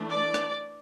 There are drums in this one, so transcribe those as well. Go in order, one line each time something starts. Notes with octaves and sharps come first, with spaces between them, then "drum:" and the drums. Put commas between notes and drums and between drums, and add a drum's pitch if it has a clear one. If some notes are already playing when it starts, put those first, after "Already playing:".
Already playing: E3 A3 D4
D5
drum: rim click